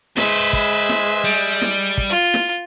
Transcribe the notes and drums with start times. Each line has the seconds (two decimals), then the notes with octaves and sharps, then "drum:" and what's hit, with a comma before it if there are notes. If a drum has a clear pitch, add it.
0.17 G#3 B4 C5 E5, drum: snare
0.53 drum: kick
0.89 drum: snare
1.24 G3
1.61 drum: snare
1.98 drum: kick
2.10 F4
2.34 drum: snare